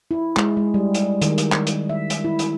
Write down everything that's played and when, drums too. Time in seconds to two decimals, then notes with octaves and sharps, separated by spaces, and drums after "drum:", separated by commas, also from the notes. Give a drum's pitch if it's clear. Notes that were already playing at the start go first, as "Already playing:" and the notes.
0.11 E4
0.37 G#3, drum: clap
0.57 G#3
0.74 G3
0.95 drum: hi-hat
1.22 D#3, drum: hi-hat
1.38 drum: hi-hat
1.52 drum: clap
1.67 drum: hi-hat
1.90 E5
2.10 drum: hi-hat
2.24 E4
2.39 drum: hi-hat